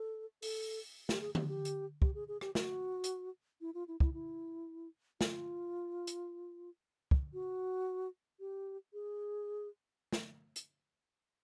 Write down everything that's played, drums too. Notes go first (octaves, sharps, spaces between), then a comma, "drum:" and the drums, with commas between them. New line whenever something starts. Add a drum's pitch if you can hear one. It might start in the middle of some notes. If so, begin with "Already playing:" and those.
Already playing: A4
A4, drum: open hi-hat
G4, drum: snare
G#4
G4, drum: tom D3
G4
drum: hi-hat
G4, drum: kick
G#4
G#4
G4, drum: rim click
F#4, drum: snare
drum: hi-hat
E4
F4
E4
E4, drum: kick
E4
F4, drum: snare
drum: hi-hat
drum: kick
F#4
G4
G#4
drum: snare
drum: hi-hat